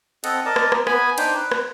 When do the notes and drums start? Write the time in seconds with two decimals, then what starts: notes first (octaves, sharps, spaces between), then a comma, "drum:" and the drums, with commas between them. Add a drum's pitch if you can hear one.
0.24 C4 A4 D#5 F#5, drum: cymbal
0.45 A#4 D5 D#5 A5
0.56 drum: rim click
0.72 drum: rim click
0.87 B3 G#5 B5, drum: rim click
1.18 D4 D#4 C5 G5, drum: cymbal
1.36 B4
1.51 drum: rim click